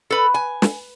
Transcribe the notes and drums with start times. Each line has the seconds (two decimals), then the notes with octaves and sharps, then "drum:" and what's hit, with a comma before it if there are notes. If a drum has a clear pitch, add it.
0.10 A4 B4
0.34 G#5
0.62 drum: snare